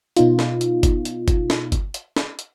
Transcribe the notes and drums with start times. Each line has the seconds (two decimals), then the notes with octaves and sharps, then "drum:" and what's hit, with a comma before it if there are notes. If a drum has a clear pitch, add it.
0.17 B2 B3 D#4 F4, drum: hi-hat
0.39 drum: snare
0.61 drum: hi-hat
0.83 drum: kick G1, hi-hat
1.05 drum: hi-hat
1.28 drum: kick G1, hi-hat
1.50 drum: snare
1.72 drum: kick G1, hi-hat
1.94 drum: hi-hat
2.17 drum: snare
2.39 drum: hi-hat